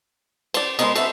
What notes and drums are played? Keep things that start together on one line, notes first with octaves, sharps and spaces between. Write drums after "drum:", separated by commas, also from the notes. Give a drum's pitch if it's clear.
C5 D5, drum: cymbal
G#3 B3 A#4 C5 D#5, drum: cymbal
F#4 A4 B4 C5 E5, drum: cymbal